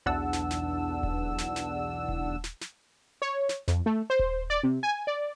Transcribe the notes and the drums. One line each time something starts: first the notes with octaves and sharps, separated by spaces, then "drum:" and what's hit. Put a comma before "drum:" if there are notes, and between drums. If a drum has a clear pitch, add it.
B1 E2 D4 F#5 A5 E6
drum: snare
drum: snare
drum: kick D#1
drum: snare
drum: snare
drum: kick D#1
drum: snare
drum: snare
C#5
drum: snare
F2, drum: snare
A3
C5
drum: kick D#1
D5
C3
G#5
D5